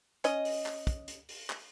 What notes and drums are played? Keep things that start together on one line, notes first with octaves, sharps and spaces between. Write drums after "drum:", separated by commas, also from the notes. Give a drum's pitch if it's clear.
C#4 D#5, drum: hi-hat
drum: open hi-hat
drum: clap
drum: kick, hi-hat
drum: hi-hat
drum: open hi-hat
drum: clap